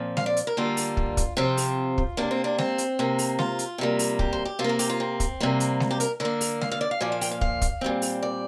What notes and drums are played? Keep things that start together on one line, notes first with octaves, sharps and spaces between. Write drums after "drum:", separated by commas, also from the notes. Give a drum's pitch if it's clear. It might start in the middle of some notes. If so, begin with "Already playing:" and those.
Already playing: A#2 F3 C4
F5, drum: snare G#3
D5
drum: hi-hat
A#4
D3 G3 A#3 F4
drum: open hi-hat
drum: kick
drum: kick, hi-hat
C3 F3 C4 F4
drum: open hi-hat
drum: kick
C3 A#3 D4
C4
D4
C4, drum: snare G#3
drum: hi-hat
C3 A#3
drum: open hi-hat
F4, drum: snare G#3
drum: hi-hat
C3 G3 A#3
drum: open hi-hat
G4, drum: kick
C5
G4
C3 F4
A#3 A#4
G4, drum: open hi-hat
F4
C4
drum: kick, hi-hat
C3 G3 A#3
drum: hi-hat
drum: snare G#3
G4
A#4, drum: hi-hat
D3 A#3 A#4
drum: open hi-hat
F5, drum: snare G#3
F5
D5
F5
A#2 F3 A#3 D5
F5
G5, drum: open hi-hat
F5
F5, drum: kick
drum: kick, hi-hat
A#2 G3 C4
drum: open hi-hat
D5